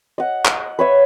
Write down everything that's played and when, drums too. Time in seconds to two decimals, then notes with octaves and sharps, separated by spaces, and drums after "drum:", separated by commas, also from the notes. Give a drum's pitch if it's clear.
0.18 D#5 F#5
0.45 drum: clap
0.79 B4 C#5 E5